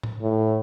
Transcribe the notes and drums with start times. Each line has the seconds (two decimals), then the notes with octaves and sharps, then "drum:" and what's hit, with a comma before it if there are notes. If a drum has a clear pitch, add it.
0.03 drum: tom
0.22 A2